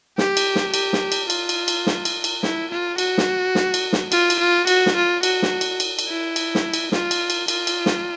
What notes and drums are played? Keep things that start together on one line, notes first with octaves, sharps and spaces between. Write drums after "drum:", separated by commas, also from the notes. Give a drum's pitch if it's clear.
G4, drum: snare
drum: cymbal
drum: snare
G4, drum: cymbal
drum: snare
drum: cymbal
F4, drum: cymbal
drum: cymbal
drum: cymbal
drum: snare
drum: cymbal
drum: cymbal
E4, drum: snare
F4
F#4, drum: cymbal
drum: snare
drum: snare
drum: cymbal
drum: snare
F4, drum: cymbal
drum: cymbal
F4
F#4, drum: cymbal
drum: snare
F4
F#4, drum: cymbal
drum: snare
drum: cymbal
drum: cymbal
drum: cymbal
E4
drum: cymbal
drum: snare
drum: cymbal
F4, drum: snare
drum: cymbal
drum: cymbal
F4, drum: cymbal
drum: cymbal
drum: snare